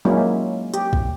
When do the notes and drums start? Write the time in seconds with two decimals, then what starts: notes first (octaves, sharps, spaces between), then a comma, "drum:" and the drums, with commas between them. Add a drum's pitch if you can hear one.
0.05 F#3 G#3 A#3 C#4 E4
0.74 G4, drum: hi-hat
0.93 drum: kick